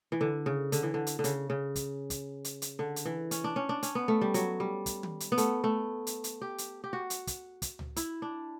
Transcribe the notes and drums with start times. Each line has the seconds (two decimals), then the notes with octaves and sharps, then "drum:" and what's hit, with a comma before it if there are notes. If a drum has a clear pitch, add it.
0.12 E3
0.21 D3
0.46 C#3
0.72 D3, drum: hi-hat
0.83 E3
0.94 D3
1.07 drum: hi-hat
1.19 D3
1.24 C#3, drum: hi-hat
1.50 C#3
1.76 drum: kick, hi-hat
2.10 drum: kick, hi-hat
2.45 drum: hi-hat
2.62 drum: hi-hat
2.79 D3
2.96 drum: hi-hat
3.05 E3
3.31 C#4, drum: hi-hat
3.44 D4
3.56 C#4
3.69 D4
3.83 C#4, drum: hi-hat
3.95 B3
4.08 A3
4.21 G3
4.34 F#3, drum: hi-hat
4.60 G3
4.86 drum: kick, hi-hat
5.03 drum: tom
5.20 drum: hi-hat
5.32 B3
5.38 A3, drum: hi-hat
5.64 A3
6.07 drum: hi-hat
6.24 drum: hi-hat
6.41 G4
6.58 drum: hi-hat
6.84 G4
6.93 F#4
7.10 drum: hi-hat
7.27 drum: kick, hi-hat
7.62 drum: kick, hi-hat
7.79 drum: tom C#2
7.96 E4, drum: hi-hat
8.22 D4